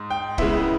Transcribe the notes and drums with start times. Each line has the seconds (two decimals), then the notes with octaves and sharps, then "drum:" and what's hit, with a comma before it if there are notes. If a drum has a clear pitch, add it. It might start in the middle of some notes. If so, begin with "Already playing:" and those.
Already playing: G#2
0.10 G5
0.38 C#3 G#3 B3 E4 E5, drum: kick